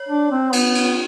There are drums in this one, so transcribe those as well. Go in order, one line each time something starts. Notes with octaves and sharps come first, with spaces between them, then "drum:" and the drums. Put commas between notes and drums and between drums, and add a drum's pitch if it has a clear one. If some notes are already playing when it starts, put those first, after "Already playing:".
Already playing: C#5
D4
C4
B3, drum: cymbal
drum: cymbal